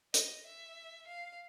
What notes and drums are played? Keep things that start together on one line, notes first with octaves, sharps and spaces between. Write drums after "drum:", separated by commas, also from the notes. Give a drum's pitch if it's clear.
D#5, drum: hi-hat
E5
F5